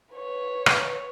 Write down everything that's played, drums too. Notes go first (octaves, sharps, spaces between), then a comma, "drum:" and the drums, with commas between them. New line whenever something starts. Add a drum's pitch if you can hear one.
B4 C#5
drum: rim click